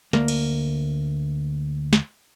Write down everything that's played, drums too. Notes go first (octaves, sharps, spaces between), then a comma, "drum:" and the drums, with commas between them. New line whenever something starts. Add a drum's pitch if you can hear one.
D2 A#3, drum: snare
drum: cymbal
drum: snare